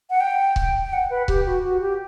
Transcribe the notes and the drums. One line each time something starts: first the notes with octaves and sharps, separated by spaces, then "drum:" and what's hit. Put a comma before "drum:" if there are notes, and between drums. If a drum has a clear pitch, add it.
F#5
G5
drum: kick C#1
G5
F#5
B4
G4, drum: kick C#1
F#4
F#4
G4